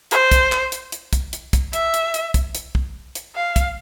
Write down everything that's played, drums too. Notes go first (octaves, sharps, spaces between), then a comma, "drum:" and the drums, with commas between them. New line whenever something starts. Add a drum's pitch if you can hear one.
C5, drum: hi-hat
drum: kick, hi-hat
drum: clap
drum: hi-hat
drum: hi-hat
drum: kick, hi-hat
drum: hi-hat
drum: kick, hi-hat
E5, drum: hi-hat
drum: hi-hat
drum: hi-hat
drum: kick, hi-hat
drum: hi-hat
drum: kick
drum: hi-hat
F5
drum: kick, hi-hat